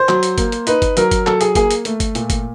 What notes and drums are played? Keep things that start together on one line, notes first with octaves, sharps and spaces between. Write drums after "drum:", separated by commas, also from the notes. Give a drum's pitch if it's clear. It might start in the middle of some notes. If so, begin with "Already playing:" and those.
Already playing: C5
F#3, drum: clap
drum: hi-hat
A#3, drum: kick G1, hi-hat
drum: hi-hat
D#4 B4, drum: hi-hat
drum: kick G1, hi-hat
F#3 A#4, drum: hi-hat
drum: kick G1, hi-hat
F#3 A4, drum: clap
G#4, drum: hi-hat
A#3 G#4, drum: kick G1, hi-hat
drum: hi-hat
A3, drum: hi-hat
drum: kick G1, hi-hat
A#2, drum: hi-hat
drum: kick G1, hi-hat